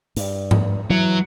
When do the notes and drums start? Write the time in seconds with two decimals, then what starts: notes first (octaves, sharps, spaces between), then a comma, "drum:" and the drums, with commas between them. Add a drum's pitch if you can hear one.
0.16 G2, drum: hi-hat
0.51 drum: tom G#2
0.90 E3 F#3